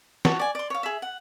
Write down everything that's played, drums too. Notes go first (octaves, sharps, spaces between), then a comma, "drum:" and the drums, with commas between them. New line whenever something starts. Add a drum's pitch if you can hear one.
F#4 C#5 A5, drum: snare
D5 G#5
D5 C6
C#5 F5
G#4 E5
F#5